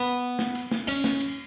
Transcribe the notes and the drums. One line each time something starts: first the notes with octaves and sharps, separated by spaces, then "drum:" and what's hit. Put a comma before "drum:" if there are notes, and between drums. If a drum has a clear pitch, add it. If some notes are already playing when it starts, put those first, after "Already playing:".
Already playing: B3
drum: snare
drum: cymbal
drum: snare
C#4, drum: cymbal
drum: snare
drum: cymbal